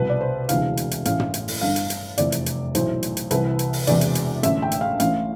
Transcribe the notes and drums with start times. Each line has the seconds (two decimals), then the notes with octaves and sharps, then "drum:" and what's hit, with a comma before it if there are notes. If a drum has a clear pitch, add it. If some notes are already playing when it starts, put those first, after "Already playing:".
Already playing: C2 B2 B4
0.10 D5
0.21 C5
0.49 E1 D2 C3 E3 F5, drum: hi-hat
0.77 drum: hi-hat
0.91 drum: hi-hat
1.05 A1 A2 E3 F5, drum: hi-hat
1.20 drum: tom
1.34 drum: hi-hat
1.48 drum: open hi-hat
1.61 G1 G2 D3 F5
1.76 drum: hi-hat
1.90 drum: hi-hat
2.18 F1 E2 C3 D5, drum: hi-hat
2.32 drum: hi-hat
2.46 drum: hi-hat
2.75 B1 A2 E3 C5, drum: hi-hat
3.03 drum: hi-hat
3.17 drum: hi-hat
3.31 C2 C3 E3 B4, drum: hi-hat
3.59 drum: hi-hat
3.73 drum: open hi-hat
3.87 E1 E2 C3 E3 D5, drum: hi-hat
4.01 drum: hi-hat
4.15 drum: hi-hat
4.43 A1 G2 D3 E5, drum: hi-hat
4.62 G5
4.72 drum: hi-hat
4.81 F5
5.00 A1 A2 E3 F5, drum: hi-hat